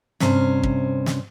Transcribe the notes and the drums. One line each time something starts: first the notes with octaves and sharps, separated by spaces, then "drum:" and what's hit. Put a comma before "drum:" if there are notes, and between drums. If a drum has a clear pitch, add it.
G2 C3 C#4 C5, drum: snare
drum: kick
drum: snare